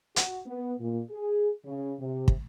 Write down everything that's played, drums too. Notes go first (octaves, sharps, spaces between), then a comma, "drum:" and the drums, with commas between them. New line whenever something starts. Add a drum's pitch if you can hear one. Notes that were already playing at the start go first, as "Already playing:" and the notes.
F#4, drum: hi-hat
B3
A#2
G#4
C#3
C3
drum: kick